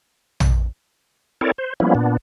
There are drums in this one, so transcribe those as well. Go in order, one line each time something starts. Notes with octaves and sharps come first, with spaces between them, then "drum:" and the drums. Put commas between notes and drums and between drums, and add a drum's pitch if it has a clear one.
drum: tom A#1
C4 E4 A4 A#4 C#5 D5
C5
F3 G3 A#3 B3 C#4 E4
A#2 B3 D4